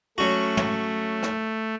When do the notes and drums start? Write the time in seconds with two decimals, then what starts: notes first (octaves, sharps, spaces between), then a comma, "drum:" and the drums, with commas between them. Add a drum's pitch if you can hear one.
0.18 F#3 A3 C#4 F#4
0.57 drum: tom
1.23 drum: rim click